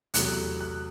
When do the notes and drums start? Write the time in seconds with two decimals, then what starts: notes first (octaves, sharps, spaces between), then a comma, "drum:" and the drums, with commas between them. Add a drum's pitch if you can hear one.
0.14 E2 C3 F#3 A3 F#6, drum: hi-hat
0.60 F#6